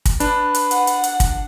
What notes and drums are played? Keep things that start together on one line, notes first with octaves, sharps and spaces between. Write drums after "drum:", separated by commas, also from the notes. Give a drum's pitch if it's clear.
drum: kick, hi-hat
D4 B4, drum: hi-hat
drum: hi-hat
F#5, drum: hi-hat
drum: hi-hat
drum: hi-hat
drum: kick, hi-hat